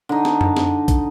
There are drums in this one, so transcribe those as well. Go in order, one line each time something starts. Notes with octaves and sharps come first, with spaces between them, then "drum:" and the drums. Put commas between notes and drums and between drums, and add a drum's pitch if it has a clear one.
D3 D#4
drum: snare
drum: tom
drum: snare
drum: kick, hi-hat